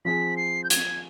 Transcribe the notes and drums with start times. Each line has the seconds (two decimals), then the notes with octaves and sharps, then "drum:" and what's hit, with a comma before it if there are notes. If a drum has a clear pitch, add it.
0.05 F3 C4 F4 G#4 B6
0.37 C7
0.64 G6
0.70 G#6, drum: hi-hat